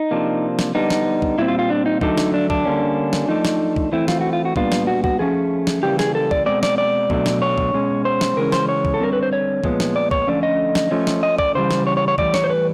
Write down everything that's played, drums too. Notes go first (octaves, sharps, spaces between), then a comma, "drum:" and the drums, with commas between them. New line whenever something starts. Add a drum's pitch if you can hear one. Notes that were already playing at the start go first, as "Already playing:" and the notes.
Already playing: D#4
C3 F3 A#3 D4
drum: snare
D3 G3 B3 D4 D#4
drum: snare
drum: kick
A#2 G3 C4 E4
F4
F4
D4
D#4
D3 F#3 A3 D4 D#4, drum: kick
drum: snare
D4
D4, drum: kick
D3 G3 A#3 C#4
drum: snare
F3 A3 D4 D#4
drum: snare
drum: kick
E3 A3 C4 E4
F4, drum: snare
F#4
F4
F#4
A#2 G3 B3 D4 F4, drum: kick
drum: snare
F#4
F#4, drum: kick
F3 A3 C#4 G#4
drum: snare
C#3 E3 G3 A#3 G4
G#4, drum: snare
A4
D5, drum: kick
B2 G#3 C4 D5
D5, drum: snare
D5
B2 F#3 A3 D4, drum: kick
drum: snare
C#5
drum: kick
B2 G#3 C#4
C5
drum: snare
C#3 E3 G#3 C#4 A#4
C5, drum: snare
C#5
drum: kick
A4
D3 G3 C4 A#4
B4
C5
C#5
A#2 F3 G#3 B3, drum: kick
drum: snare
D5
C#5, drum: kick
D3 F3 A3 C#4 D5
D#5
drum: snare
F3 A3 C#4
drum: snare
D#5
D5, drum: kick
C#3 E3 G3 C5
drum: snare
C#5
C#5
C#5
A2 E3 G3 D5, drum: kick
C#5, drum: snare
C5
B4